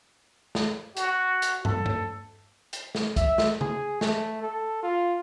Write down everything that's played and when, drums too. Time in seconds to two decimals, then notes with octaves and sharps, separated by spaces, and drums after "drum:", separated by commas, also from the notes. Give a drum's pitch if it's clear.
0.55 drum: snare
0.97 F#4, drum: hi-hat
1.42 drum: hi-hat
1.65 A4, drum: tom
1.86 drum: tom
2.73 drum: hi-hat
2.95 drum: snare
3.16 E5, drum: kick, hi-hat
3.38 drum: snare
3.61 G#4, drum: tom C#3
4.01 A3, drum: snare
4.42 A4
4.83 F4